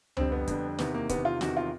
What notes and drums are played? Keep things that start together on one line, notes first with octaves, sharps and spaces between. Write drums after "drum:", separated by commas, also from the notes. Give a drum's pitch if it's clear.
F2 D3 G3 C4, drum: tom C#2
B3
F2 D3 G3, drum: kick, hi-hat
E2 C3 D#3 B3, drum: snare
A#3
E2 C3 D#3 B3, drum: kick, hi-hat
F4
E2 C3 D#3 F#4, drum: snare
F4